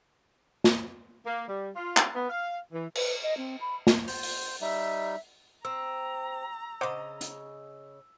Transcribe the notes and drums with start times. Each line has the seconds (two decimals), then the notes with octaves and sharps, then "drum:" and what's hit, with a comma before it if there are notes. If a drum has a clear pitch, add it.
0.64 drum: snare
1.26 A#3
1.47 G3
1.75 F4
1.97 drum: clap
2.14 B3
2.30 F5
2.72 E3
2.95 B4, drum: cymbal
3.23 D#5
3.37 C4
3.61 B5
3.87 drum: snare
4.08 C5, drum: open hi-hat
4.23 drum: open hi-hat
4.61 G3 D#4 E5
5.65 C4 A#5 E6
6.81 C#3 C5 D#5 F#5 D6
7.21 drum: hi-hat